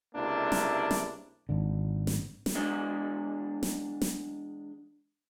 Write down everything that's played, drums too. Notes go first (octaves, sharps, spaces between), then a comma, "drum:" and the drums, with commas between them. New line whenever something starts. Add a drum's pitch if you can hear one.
C#2 C3 A#3 D4 E4
drum: snare
drum: snare
G#1 D3
drum: snare
drum: snare
E2 G#3 D4
drum: snare
drum: snare